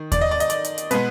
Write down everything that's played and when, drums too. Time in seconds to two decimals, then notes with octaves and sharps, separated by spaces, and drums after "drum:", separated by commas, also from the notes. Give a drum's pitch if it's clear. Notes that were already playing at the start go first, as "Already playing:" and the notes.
Already playing: D#3
0.12 D5, drum: kick D#2, hi-hat
0.21 D#5
0.31 D5
0.40 D#5, drum: hi-hat
0.50 D5, drum: hi-hat
0.64 drum: hi-hat
0.78 drum: hi-hat
0.91 B2 G#3 B3 B4, drum: hi-hat